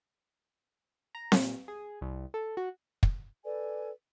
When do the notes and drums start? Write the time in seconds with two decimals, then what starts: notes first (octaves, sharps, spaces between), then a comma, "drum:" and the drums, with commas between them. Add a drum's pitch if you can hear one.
1.15 A#5
1.32 A#2, drum: snare C4
1.68 G#4
2.01 C2
2.34 A4
2.57 F#4
3.03 drum: kick
3.45 A4 B4 D5 G#5